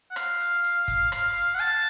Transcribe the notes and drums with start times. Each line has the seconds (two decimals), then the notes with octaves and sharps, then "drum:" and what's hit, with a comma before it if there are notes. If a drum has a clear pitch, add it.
0.11 F#5
0.16 F5, drum: rim click
0.40 drum: hi-hat
0.64 drum: hi-hat
0.88 drum: kick, hi-hat
1.12 drum: rim click
1.36 drum: hi-hat
1.54 F#5
1.60 A5, drum: hi-hat